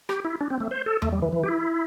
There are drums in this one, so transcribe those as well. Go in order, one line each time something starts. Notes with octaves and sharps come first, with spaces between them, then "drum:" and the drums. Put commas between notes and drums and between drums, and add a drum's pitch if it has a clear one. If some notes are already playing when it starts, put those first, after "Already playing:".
G4, drum: rim click
E4
D4
C4
A3
C5
A4
A3, drum: tom E2
G3
E3
E3
G4
E4